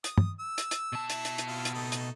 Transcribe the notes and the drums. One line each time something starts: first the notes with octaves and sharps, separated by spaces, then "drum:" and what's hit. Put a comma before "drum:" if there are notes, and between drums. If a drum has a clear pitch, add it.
D#6, drum: hi-hat
drum: tom
E6
drum: hi-hat
drum: hi-hat
B2 A5
E4, drum: hi-hat
drum: hi-hat
drum: hi-hat
E4 F4
drum: hi-hat
A3 D#4 A4
drum: hi-hat